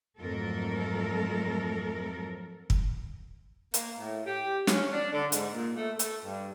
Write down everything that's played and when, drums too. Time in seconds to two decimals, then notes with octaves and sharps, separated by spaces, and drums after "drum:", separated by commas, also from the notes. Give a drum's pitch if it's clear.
0.19 F2 G#2 F#3 A3 A4 A#4
2.70 drum: kick
3.74 A#3, drum: hi-hat
3.99 A2
4.26 G4
4.67 C#4, drum: snare
4.92 D4
5.12 D3
5.32 G#2, drum: hi-hat
5.54 A#2
5.76 A3
5.99 A3, drum: hi-hat
6.24 G2